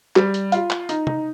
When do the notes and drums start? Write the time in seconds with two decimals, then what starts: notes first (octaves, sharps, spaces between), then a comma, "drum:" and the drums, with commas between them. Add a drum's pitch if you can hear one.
0.16 G3, drum: clap
0.34 drum: hi-hat
0.52 F4, drum: hi-hat
0.71 drum: clap
0.89 D#4, drum: hi-hat
1.07 D#4, drum: tom